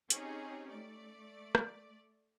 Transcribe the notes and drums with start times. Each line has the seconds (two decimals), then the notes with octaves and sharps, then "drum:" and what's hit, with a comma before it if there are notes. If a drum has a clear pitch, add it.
0.10 C4 C#4 D#4 G4 G#4, drum: hi-hat
0.70 A3 D5
1.55 drum: rim click